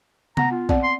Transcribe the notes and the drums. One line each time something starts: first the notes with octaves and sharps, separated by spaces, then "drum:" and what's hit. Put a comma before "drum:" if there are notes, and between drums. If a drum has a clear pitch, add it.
B3 F#5 A#5, drum: tom C3
F4
C4 D5 F#5, drum: kick
C6